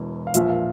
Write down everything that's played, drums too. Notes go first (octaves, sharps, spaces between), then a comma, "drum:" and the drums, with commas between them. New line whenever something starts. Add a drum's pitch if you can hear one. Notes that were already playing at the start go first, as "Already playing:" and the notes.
Already playing: E1 E2 B2
F5
A#1 A#2 F3 E5, drum: hi-hat
F5